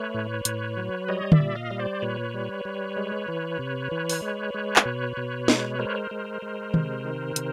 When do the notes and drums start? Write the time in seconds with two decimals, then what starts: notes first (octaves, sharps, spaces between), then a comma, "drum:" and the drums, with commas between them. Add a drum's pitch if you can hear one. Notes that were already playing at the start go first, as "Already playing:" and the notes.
Already playing: A3 B4 C#5
0.14 A2
0.45 A2, drum: hi-hat
0.77 F#3
1.08 G3 C#5 D#5
1.32 D5 E5, drum: tom
1.40 A#2
1.55 D#5 F5
1.71 G3
1.79 C5 D5
2.02 A#2 B4 C#5
2.34 G3
2.65 G3
2.97 G#3
3.28 E3
3.59 C3
3.91 E3
4.09 drum: open hi-hat
4.22 G#3
4.54 G#3
4.76 drum: clap
4.85 B2
5.17 B2
5.48 G#3, drum: snare
5.79 G#3 A#4 C5
6.11 G#3
6.42 G#3
6.74 C3, drum: tom
7.04 D#3
7.36 C3, drum: hi-hat